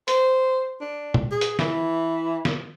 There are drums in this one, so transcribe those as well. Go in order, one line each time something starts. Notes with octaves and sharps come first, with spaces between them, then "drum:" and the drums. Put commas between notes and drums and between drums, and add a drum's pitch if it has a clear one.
C5, drum: hi-hat
D4
drum: tom A#2
G#4
drum: hi-hat
E3, drum: snare
drum: snare